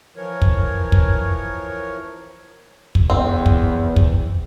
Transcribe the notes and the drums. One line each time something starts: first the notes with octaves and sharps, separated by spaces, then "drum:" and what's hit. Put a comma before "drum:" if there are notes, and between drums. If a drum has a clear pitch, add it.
E3 F3 A#4 C#5
drum: kick
drum: kick
drum: kick
E2 C4
drum: kick
drum: kick